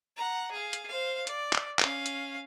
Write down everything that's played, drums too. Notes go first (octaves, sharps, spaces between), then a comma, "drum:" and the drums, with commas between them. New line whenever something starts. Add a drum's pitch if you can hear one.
F#5 A#5
G#4 F5
drum: hi-hat
C5 F5
D5, drum: hi-hat
drum: clap
C#4 F5, drum: clap
drum: hi-hat